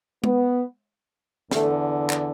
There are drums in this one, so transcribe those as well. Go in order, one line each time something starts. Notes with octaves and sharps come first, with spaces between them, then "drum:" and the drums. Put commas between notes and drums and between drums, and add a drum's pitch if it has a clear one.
B3, drum: tom
E2 D3 A3, drum: snare
drum: clap